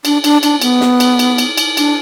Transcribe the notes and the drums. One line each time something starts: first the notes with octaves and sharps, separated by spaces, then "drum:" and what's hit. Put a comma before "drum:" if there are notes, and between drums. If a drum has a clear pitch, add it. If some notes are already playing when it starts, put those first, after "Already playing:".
D4, drum: cymbal
D4, drum: cymbal
D4, drum: cymbal
B3, drum: cymbal
drum: snare
drum: cymbal
drum: cymbal
drum: cymbal
drum: cymbal
D4, drum: cymbal